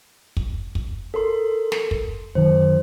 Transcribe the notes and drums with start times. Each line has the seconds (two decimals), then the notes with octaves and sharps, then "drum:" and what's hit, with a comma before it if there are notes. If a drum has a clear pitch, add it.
0.37 drum: kick
0.75 drum: kick
1.14 A4 A#4 C6
1.72 drum: snare
1.91 drum: kick
2.35 F#2 D#3 C5